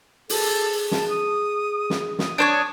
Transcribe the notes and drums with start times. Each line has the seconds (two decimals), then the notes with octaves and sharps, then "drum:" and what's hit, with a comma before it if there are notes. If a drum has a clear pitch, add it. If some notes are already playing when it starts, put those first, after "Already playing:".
0.29 G#4 A4, drum: open hi-hat
0.91 G#4 A5, drum: snare
1.09 D#6
1.90 drum: snare
2.19 D#6, drum: snare
2.38 D4 C5 C#5